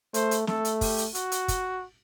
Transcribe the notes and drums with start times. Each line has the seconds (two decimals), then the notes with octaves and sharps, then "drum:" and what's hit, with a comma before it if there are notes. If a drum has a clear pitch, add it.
0.14 A3 C5, drum: hi-hat
0.31 drum: hi-hat
0.47 A3 A4, drum: snare
0.65 drum: hi-hat
0.81 G4, drum: kick, open hi-hat
0.98 drum: hi-hat
1.15 F#4, drum: hi-hat
1.32 drum: hi-hat
1.48 drum: kick, hi-hat